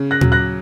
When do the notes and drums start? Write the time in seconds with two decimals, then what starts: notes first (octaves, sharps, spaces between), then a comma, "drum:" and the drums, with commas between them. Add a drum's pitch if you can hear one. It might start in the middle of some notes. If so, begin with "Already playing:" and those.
Already playing: C#3
0.11 F#6 A#6
0.21 F#3, drum: tom
0.32 F#6 A#6